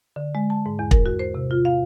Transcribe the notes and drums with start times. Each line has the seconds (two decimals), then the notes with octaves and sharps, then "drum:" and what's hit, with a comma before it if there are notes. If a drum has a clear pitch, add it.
0.16 D3
0.35 G#3
0.50 A5
0.66 G#2
0.79 E2
0.91 A#4, drum: kick
1.06 F#4
1.19 C5
1.34 C3
1.51 F4
1.65 F5